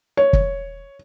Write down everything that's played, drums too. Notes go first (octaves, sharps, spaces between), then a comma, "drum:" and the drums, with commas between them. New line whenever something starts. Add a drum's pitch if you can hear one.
C#5
drum: kick